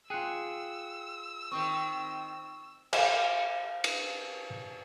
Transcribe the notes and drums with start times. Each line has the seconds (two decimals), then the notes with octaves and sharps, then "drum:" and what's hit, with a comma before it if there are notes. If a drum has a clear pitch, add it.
0.10 F4 G#4 G5 E6 F#6 C#7
1.52 D#3 C4 C#6
2.93 F5 G#5, drum: cymbal
3.84 drum: cymbal